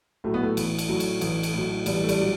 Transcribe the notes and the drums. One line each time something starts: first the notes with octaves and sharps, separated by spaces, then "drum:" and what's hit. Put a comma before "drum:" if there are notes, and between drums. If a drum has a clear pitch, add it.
A2 F#3 A3
B3
A3
A1, drum: cymbal
drum: cymbal
A2 F#3
drum: cymbal
A1, drum: cymbal
drum: cymbal
A2 F#3
A1 G3, drum: cymbal
A3
G3, drum: cymbal
A2 F#3